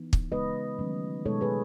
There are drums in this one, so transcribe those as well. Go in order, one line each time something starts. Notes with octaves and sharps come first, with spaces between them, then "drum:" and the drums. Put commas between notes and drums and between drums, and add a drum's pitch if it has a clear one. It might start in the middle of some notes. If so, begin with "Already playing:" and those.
Already playing: E3 B3 D#4
drum: kick
C#3 G#3 B3 D#4 B4 D#5
D#3 F#3 A3 C#4
B2 G#3 B3 D#4 A4 C#5
G#4 B4